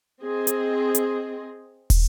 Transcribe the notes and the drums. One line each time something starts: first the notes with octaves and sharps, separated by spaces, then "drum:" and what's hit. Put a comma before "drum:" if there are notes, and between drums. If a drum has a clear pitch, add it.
C4 G#4 D#5
drum: hi-hat
drum: hi-hat
drum: kick, open hi-hat